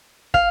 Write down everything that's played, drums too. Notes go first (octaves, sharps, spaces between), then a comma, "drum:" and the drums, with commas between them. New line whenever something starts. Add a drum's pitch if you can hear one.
F5, drum: kick